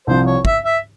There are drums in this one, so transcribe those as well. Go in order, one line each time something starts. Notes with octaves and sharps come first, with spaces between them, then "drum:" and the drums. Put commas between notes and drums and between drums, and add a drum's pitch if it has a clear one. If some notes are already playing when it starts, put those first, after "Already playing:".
C2 C3 F3 C5
C#5
E5, drum: kick
E5